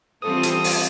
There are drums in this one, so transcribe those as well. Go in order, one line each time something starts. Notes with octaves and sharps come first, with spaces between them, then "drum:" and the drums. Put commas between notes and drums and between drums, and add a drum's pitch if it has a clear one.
E3 G3 C4 F4 A4 C5 D#6
drum: hi-hat
drum: open hi-hat